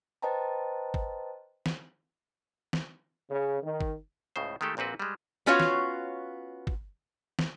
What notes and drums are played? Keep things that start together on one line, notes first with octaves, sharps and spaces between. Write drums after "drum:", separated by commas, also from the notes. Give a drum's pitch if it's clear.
B4 C5 D#5 G5 A5 A#5
drum: kick G#1
drum: snare
drum: snare
C#3
D#3
drum: kick G#1
C#2 A2 C#3 C5
D#3 G#3 A3 G4 A4
A#1 A#2 C4 F#4 B4
G3 G#3
B3 C#4 F4 F#4 C#5 F5
drum: snare
drum: kick G#1
drum: snare